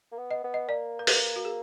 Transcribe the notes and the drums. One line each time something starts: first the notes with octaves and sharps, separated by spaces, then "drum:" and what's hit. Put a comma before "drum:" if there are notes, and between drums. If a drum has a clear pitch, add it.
A#3
B3
D#5
B3
D#5
A#3 D5
A#4
B4, drum: open hi-hat
F#4
G#4